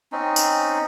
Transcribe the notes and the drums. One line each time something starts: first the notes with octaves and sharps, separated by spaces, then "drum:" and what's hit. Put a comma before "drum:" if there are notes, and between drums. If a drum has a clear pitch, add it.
C4 C#4 D#4
drum: tambourine